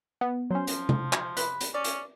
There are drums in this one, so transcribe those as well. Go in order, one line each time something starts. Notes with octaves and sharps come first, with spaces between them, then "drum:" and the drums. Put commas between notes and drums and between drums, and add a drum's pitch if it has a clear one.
B3
F#3 C#4 C5
F3, drum: hi-hat
drum: tom C3
drum: clap
B4 B5, drum: hi-hat
drum: hi-hat
C#4 D5
drum: hi-hat